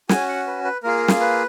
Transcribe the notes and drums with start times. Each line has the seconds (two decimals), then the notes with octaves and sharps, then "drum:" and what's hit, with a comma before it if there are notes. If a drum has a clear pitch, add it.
0.09 C#4 F#4 G#5, drum: snare
0.29 F#5
0.47 B4
0.64 B4
0.83 A#3 F4 G#4 A#4
1.08 drum: snare
1.20 B4